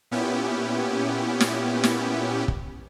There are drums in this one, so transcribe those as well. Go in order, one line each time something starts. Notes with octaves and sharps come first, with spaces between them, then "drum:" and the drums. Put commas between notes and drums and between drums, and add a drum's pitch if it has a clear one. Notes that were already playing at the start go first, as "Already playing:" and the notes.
A#2 B3 C#4 E4 G4
drum: snare
drum: snare
drum: kick